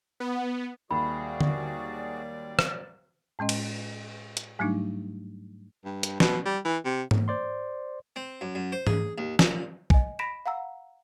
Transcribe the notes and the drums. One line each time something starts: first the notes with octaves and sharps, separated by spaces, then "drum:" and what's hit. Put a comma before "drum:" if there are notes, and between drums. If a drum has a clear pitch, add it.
B3
D#2 C3 F#3 G3 F#4 G#4 D5 B5
drum: tom D3
drum: rim click
A2 G#3 C#4 D#5
drum: cymbal
drum: hi-hat
G#2 F#3 G3 A3 D4 D#4
G2
drum: hi-hat
B2, drum: snare
G3
E3
C3
drum: tom G#2
C5 D5 C6
C4
F#2
F#2
C5
G#4, drum: tom G#2
D#2
A#2, drum: snare
D#5 G#5, drum: kick
B5 A#6 B6 D7 E7
F5 F#5 A#5 E6